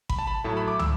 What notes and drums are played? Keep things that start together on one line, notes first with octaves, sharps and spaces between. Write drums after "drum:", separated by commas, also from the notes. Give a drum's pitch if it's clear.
B5, drum: kick G#1
A5
B5
A2 F#3 A3 E4 A5
B5
D6
E6, drum: tom